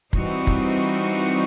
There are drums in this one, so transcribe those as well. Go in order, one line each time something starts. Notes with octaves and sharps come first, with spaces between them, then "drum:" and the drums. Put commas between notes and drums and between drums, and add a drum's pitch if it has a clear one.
E3 G3 C4 D#4 F#4, drum: kick
drum: kick